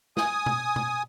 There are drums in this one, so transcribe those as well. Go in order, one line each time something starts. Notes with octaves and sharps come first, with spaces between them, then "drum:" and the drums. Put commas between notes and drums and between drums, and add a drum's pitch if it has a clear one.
G#5 D#6, drum: snare
drum: tom B2
drum: tom B2